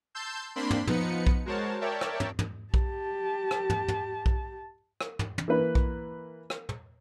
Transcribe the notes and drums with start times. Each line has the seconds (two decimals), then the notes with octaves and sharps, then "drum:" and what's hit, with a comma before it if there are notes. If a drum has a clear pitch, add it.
0.15 A5 C6 E6 G6
0.56 A#3 C4 D4 B5 C6
0.70 drum: tom
0.87 F3 B3 D#4 B4 C#7, drum: tom
1.27 drum: kick B1
1.45 G#3 F#4 A#4 C5 C#5 A5
1.81 A#4 C#5 D5 E5 G5 A5
2.01 drum: rim click
2.20 drum: tom
2.39 drum: tom
2.74 G4 A5, drum: kick B1
3.51 drum: rim click
3.70 drum: tom
3.88 drum: tom
4.26 drum: kick B1
5.01 drum: rim click
5.19 drum: tom
5.38 drum: tom
5.48 E3 A#3 B4
5.75 drum: kick B1
6.50 drum: rim click
6.69 drum: tom